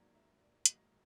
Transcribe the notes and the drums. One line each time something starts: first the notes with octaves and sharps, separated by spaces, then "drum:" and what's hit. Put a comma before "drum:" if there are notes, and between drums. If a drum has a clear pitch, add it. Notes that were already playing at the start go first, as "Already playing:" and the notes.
Already playing: G#2 D#3 F#3 A#3 D5
E5
D5
G#2 D#3 F#3 A#3 D#5, drum: hi-hat